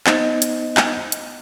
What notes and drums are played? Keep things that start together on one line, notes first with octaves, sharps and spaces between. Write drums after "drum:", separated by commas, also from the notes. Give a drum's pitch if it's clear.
B3 D#4 C5 D#5, drum: clap
drum: hi-hat
drum: clap
drum: hi-hat